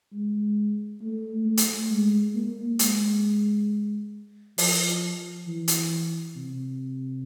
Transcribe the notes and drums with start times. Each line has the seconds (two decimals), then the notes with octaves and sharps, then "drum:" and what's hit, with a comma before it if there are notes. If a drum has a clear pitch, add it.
0.12 G#3
1.02 A3
1.46 A3
1.57 drum: hi-hat
1.90 G#3
2.35 A#3
2.79 G#3, drum: hi-hat
4.58 F3, drum: open hi-hat
5.47 E3
5.68 drum: hi-hat
6.36 C3